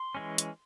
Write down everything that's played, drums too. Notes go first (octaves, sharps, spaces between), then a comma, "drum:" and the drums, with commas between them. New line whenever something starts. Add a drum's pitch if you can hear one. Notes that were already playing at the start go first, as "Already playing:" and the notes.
Already playing: C6
E3 G#3 C#4
drum: hi-hat